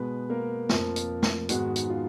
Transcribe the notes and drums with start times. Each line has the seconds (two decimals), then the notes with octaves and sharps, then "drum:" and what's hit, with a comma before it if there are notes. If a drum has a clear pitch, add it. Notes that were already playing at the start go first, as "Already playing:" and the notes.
Already playing: B2 G#3 B3 B4
0.30 A#3 A#4
0.69 F2 F3 A#3, drum: snare
0.96 drum: hi-hat
1.23 drum: snare
1.49 G#2 D#3 G#3 B3 F#4, drum: hi-hat
1.76 drum: hi-hat
1.89 F4